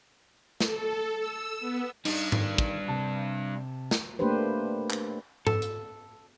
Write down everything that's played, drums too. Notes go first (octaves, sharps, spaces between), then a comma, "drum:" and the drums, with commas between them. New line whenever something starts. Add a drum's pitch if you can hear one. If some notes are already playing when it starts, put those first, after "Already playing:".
A4, drum: snare
E6
B3
G3 D4 D#4, drum: cymbal
D#3, drum: tom G#2
drum: kick
C3 A5
drum: snare
A3 A#3 D4 G4 B4 C5
drum: clap
A4, drum: tom G#2
drum: hi-hat